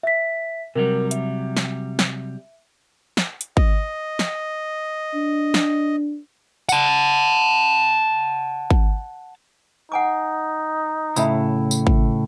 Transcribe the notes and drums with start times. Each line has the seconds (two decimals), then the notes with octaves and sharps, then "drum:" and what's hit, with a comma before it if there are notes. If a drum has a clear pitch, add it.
0.03 E5 B6
0.75 C3 F#3 G3 A#4
1.11 E5, drum: hi-hat
1.57 drum: snare
1.99 drum: snare
3.17 drum: snare
3.41 drum: hi-hat
3.57 D#5, drum: kick G#1
4.19 drum: snare
5.14 D4
5.54 drum: snare
6.69 F#5 A5, drum: tambourine
8.70 drum: kick G#1
9.92 D#4 F#5 G#5 D6
11.16 A2 C#3 E4 E5 B5, drum: tambourine
11.71 drum: tambourine
11.87 drum: kick G#1